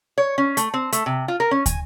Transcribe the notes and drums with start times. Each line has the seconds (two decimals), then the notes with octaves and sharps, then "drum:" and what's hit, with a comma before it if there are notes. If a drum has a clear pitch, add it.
0.18 C#5
0.38 C#4
0.57 A3, drum: hi-hat
0.74 C4
0.92 A3, drum: hi-hat
1.06 C3
1.28 F4
1.40 A#4
1.51 C#4
1.66 G#5, drum: kick, hi-hat